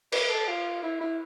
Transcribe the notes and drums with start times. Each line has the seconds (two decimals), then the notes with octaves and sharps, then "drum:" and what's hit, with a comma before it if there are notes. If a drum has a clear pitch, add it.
0.12 B4, drum: cymbal
0.29 A4
0.48 F4
0.83 E4
1.01 E4